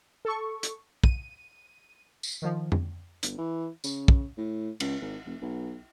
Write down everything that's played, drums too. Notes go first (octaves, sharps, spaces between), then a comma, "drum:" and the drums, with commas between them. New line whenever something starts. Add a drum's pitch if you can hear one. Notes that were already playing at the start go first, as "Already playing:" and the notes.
A4 C#6
drum: hi-hat
D#7, drum: kick
drum: tambourine
D#3 F3
drum: tom F2
G1, drum: hi-hat
E3
C#3, drum: tambourine
drum: kick
A2
C#2, drum: cymbal
G#1
F1
B1